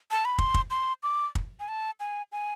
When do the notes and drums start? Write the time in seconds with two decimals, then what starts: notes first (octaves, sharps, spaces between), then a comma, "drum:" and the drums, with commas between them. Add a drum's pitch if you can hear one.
0.11 A5
0.25 B5
0.38 C6, drum: kick
0.54 drum: kick
0.70 C6
1.03 D6
1.35 drum: kick
1.60 G#5
1.68 A5
2.00 G#5
2.32 G#5